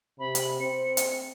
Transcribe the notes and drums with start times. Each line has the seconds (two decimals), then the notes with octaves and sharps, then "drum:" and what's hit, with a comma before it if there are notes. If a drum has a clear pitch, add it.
0.19 C3 B5
0.35 drum: hi-hat
0.60 C4 C#7
0.97 drum: hi-hat